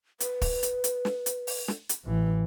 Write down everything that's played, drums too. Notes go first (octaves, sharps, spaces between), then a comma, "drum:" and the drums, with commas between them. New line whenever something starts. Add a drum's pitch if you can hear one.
B4, drum: hi-hat
drum: kick, open hi-hat
drum: hi-hat
drum: hi-hat
drum: snare
drum: hi-hat
drum: open hi-hat
drum: snare
drum: hi-hat
A1 E3